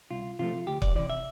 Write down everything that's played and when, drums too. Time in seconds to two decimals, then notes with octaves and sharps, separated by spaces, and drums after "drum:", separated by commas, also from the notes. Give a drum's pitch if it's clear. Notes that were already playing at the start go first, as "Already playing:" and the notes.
0.11 C2 F4
0.39 C3 F3 A3 F4
0.67 D2 G4
0.82 D5, drum: kick
0.95 C3 E3 D5
1.10 E5